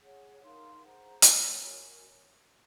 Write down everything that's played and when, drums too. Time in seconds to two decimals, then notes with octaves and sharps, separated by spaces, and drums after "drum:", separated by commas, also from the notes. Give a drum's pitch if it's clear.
0.01 G#4 C#5 F#5
0.42 D#4 A#4 F5 C6
0.82 G#4 C5 F#5 A#5
1.22 D#4 A#4 C#5, drum: hi-hat
1.64 F#4 A#4 C#5 G#5